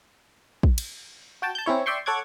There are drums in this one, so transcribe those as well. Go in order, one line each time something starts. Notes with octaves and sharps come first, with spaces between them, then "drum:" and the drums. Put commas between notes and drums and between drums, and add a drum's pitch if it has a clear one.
drum: kick
drum: cymbal
F#4 G5 A5
A5 G6
C4 C#4 E4 C#5
D5 E5 G5 C6 C#6
A4 C#5 F#5 D6 G#6